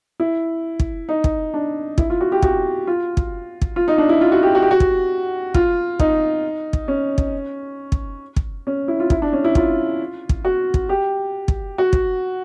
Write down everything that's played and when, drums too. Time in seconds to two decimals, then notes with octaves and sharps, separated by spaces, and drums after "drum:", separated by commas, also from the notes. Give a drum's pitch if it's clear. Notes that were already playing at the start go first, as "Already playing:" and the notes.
0.20 E4
0.80 drum: kick
1.09 D#4
1.24 drum: kick
1.54 D4
1.98 E4, drum: kick
2.10 F4
2.21 F#4
2.32 G4
2.42 F#4, drum: kick
2.87 F4
3.17 drum: kick
3.62 drum: kick
3.76 F4
3.88 D#4
3.98 D4
4.09 E4
4.21 F4
4.32 F#4
4.43 G4
4.55 F#4
4.62 G4
4.71 F#4
4.80 drum: kick
5.54 F4, drum: kick
6.00 D#4, drum: kick
6.73 drum: kick
6.88 C#4
7.18 drum: kick
7.92 drum: kick
8.36 drum: kick
8.67 C#4
8.88 E4
9.00 F4
9.10 E4, drum: kick
9.22 D4
9.33 C#4
9.44 E4
9.55 F4, drum: kick
10.29 drum: kick
10.45 F#4
10.74 drum: kick
10.89 G4
11.48 drum: kick
11.78 F#4
11.93 drum: kick